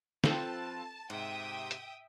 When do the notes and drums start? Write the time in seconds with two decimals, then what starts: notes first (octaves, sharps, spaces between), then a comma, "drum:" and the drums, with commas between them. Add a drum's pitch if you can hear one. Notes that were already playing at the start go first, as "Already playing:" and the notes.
0.24 F3 C4 F4 A4 B4 G5 A5, drum: snare
1.10 G#2 C3 E5 G5 D#6
1.71 drum: hi-hat